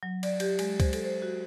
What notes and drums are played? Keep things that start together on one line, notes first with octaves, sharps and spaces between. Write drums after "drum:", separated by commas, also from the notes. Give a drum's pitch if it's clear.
F#3
D5, drum: cymbal
G4, drum: cymbal
G#3, drum: cymbal
C5, drum: kick C#2, cymbal
A4, drum: cymbal
C5
F#4